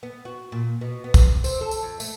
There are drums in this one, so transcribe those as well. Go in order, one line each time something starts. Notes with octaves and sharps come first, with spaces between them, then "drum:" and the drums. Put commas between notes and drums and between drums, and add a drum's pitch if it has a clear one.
B3
F#4
A#2
B2
B3
drum: kick, tambourine
C4, drum: tambourine
A4
drum: tambourine
F2
A3, drum: tambourine